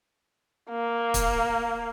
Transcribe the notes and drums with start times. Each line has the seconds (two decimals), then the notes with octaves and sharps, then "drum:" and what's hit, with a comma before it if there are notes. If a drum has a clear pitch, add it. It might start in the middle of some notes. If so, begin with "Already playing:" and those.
0.70 A#3
1.14 drum: kick C#1, hi-hat